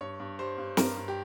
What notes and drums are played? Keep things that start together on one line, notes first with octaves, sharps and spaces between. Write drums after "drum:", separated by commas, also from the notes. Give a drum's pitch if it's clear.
G2 C#5
G2
G3 C5
G2
G2 A#4, drum: snare
G2
G4